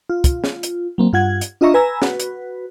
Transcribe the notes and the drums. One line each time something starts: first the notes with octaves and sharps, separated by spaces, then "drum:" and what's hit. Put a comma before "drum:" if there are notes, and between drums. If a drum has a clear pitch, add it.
F4
drum: kick, hi-hat
drum: snare
drum: hi-hat
F#3 A#3 C4
G2 F4 F#5 G#6
drum: hi-hat
D4 F4 D#5 E5 A#5 C#6
B4 G#5 A#5 E6
F#4 B4, drum: snare
drum: hi-hat